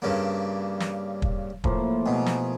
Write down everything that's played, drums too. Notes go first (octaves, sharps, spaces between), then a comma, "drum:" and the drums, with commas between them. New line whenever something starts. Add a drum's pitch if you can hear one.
G2 C#3 A#3
drum: snare
drum: kick
A2 F3 A#3, drum: kick
B2 G#4
drum: snare